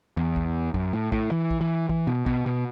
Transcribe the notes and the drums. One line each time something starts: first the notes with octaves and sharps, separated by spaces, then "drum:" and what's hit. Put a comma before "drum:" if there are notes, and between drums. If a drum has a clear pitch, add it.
E2
drum: kick A#1
F#2, drum: kick A#1
A2
A2, drum: kick A#1
E3
drum: kick A#1
E3
E3, drum: kick A#1
B2
B2, drum: kick A#1
B2